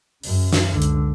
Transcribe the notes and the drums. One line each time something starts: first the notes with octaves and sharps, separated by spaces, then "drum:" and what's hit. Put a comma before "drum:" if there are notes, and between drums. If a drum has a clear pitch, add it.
F#2 C#3, drum: open hi-hat
drum: snare
C#2 D3
drum: hi-hat